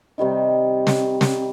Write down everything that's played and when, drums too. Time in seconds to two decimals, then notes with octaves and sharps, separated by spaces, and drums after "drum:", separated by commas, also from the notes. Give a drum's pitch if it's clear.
0.18 C3 D#3 G3 D#4
0.87 drum: snare
1.21 drum: snare